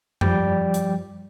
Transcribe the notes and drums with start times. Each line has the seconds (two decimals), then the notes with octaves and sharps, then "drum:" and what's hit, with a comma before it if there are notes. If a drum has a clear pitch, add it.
0.21 F3 G3 D5 G5, drum: tom F2
0.74 drum: hi-hat